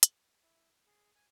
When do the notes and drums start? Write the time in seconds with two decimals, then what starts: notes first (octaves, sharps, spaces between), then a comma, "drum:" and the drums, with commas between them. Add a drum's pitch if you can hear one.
0.03 drum: hi-hat
0.43 E4
0.87 G#4
1.15 G#5